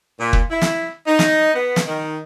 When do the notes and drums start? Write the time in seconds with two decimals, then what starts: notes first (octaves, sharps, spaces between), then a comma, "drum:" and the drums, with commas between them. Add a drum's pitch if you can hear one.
0.19 A#2
0.33 drum: kick
0.49 E4
0.62 drum: snare
1.06 D#4
1.19 drum: snare
1.54 B3
1.76 drum: snare
1.87 D#3